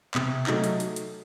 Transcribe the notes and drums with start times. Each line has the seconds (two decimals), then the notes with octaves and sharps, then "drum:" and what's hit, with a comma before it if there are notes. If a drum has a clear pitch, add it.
0.15 C3, drum: clap
0.47 F#3 A3 D#4, drum: clap
0.64 drum: hi-hat
0.80 drum: hi-hat
0.96 drum: hi-hat